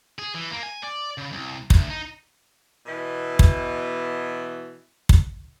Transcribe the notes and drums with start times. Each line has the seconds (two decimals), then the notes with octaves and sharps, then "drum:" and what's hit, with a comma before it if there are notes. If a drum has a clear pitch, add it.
0.19 G#4
0.34 E3
0.51 A#3
0.63 G#5
0.83 D5
1.18 C#3
1.32 C2
1.70 D2, drum: kick
1.90 D#4
2.86 B2 E3
3.39 drum: kick
5.09 drum: kick